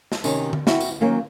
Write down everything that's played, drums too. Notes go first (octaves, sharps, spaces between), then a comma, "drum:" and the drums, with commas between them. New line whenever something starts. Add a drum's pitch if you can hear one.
drum: snare
C3 D#3 C#4, drum: tambourine
drum: tom D3
C4 E4 F#4, drum: snare
drum: tambourine
D#3 F#3 A#3 C#4